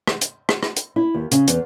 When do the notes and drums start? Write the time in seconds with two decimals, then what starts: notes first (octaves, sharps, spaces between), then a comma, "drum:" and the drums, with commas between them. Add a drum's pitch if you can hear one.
0.07 drum: rim click
0.21 drum: hi-hat
0.49 drum: rim click
0.63 drum: rim click
0.76 drum: hi-hat
0.96 E4
1.14 D#2
1.31 C#3, drum: hi-hat
1.48 E2, drum: hi-hat